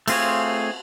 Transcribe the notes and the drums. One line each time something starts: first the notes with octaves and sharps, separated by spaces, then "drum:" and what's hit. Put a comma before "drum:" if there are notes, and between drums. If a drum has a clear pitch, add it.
A3 C4 F4 G#4 C#5, drum: cymbal